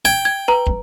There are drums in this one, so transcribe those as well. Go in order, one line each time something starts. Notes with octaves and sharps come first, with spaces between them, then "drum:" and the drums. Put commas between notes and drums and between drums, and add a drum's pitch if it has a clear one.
G5 G#6
G#6
B4 A#5
drum: kick